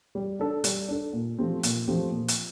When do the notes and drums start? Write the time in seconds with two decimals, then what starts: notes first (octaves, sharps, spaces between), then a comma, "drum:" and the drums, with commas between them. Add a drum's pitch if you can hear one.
0.15 G3
0.39 D4 A4
0.64 G3, drum: hi-hat
0.88 D4 A4
1.13 A#2
1.38 F3 A3 C4 G4
1.63 A#2, drum: hi-hat
1.88 F3 A3 C4 G4
2.12 A#2
2.28 drum: hi-hat